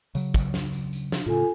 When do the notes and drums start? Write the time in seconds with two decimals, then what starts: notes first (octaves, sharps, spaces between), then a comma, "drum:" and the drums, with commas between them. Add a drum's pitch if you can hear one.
0.15 C#3 F#3, drum: tambourine
0.34 drum: kick, tambourine
0.54 drum: snare
0.73 drum: tambourine
0.93 drum: tambourine
1.12 drum: snare
1.26 A2 C#3 F4 A4 G#5